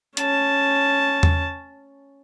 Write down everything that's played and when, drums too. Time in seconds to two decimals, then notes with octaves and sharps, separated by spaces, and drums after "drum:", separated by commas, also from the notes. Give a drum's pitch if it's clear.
0.17 C#4 A5, drum: hi-hat
1.23 drum: tom E2